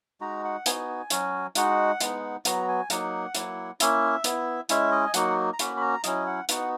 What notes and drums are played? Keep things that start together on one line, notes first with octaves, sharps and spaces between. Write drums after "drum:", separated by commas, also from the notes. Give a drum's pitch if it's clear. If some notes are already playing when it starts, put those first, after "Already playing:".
G#3 D#4 F#4 A#5
F#5
B3 D#4 F#4 G#5, drum: hi-hat
F#3 C#4 F#4, drum: hi-hat
G#3 D#4 F#4 F#5, drum: hi-hat
G#3 B3 D#4, drum: hi-hat
F#3 B3 F#4 A#5, drum: hi-hat
G#5
F#3 A#3 D#4 F#5, drum: hi-hat
F#3 A#3 E4, drum: hi-hat
A#3 C#4 E4 E5, drum: hi-hat
B3 E4, drum: hi-hat
G#3 C#4 E4 E5, drum: hi-hat
D#5
G#5
F#3 A#3 D#4 F#4 F#5, drum: hi-hat
A#5
A#3 C#4 F#4 B5, drum: hi-hat
B5
A#5
F#3 C#4 E4 D#5, drum: hi-hat
F#5
B3 D#4 F#4 F#5, drum: hi-hat